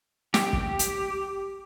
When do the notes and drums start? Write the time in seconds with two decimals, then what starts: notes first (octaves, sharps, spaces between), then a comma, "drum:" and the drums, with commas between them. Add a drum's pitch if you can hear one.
0.34 G4, drum: snare
0.53 drum: kick
0.79 drum: hi-hat